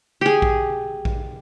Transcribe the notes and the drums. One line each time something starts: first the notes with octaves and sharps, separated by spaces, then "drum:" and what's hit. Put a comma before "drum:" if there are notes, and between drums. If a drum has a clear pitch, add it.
G4 G#4
drum: kick A#1
drum: kick A#1